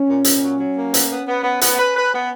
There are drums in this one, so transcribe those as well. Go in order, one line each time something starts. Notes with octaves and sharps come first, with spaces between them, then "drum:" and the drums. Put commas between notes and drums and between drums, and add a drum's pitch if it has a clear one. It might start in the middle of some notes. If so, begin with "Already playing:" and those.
Already playing: C#4
A#2
A#2, drum: hi-hat
F#3
F#3
A#3
B3, drum: hi-hat
B3
B3
B3
B3, drum: hi-hat
B4
B4
B3